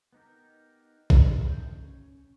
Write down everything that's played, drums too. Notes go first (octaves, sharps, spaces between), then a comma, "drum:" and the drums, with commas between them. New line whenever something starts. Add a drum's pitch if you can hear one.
B3 D#4 G4 A#4
A#4, drum: kick
A3 D#4 G5 G6
C#4